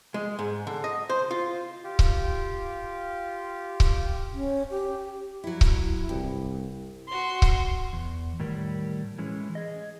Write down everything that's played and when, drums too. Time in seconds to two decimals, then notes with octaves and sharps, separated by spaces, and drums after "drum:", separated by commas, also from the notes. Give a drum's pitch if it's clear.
0.14 G#3
0.39 G#2
0.67 D3
0.84 D#5
1.10 C5
1.31 F4
1.84 F4 G4
1.99 drum: kick C#1
3.80 drum: kick C#1
4.33 C#4
4.70 G4
5.44 F#3 E4
5.61 drum: kick C#1
6.09 C2 G2
7.09 F#4 C6
7.42 drum: kick C#1
7.93 E2
8.40 A2 D#3 G3 A#4
9.18 E3 G#3 C#4
9.55 G#4 D#5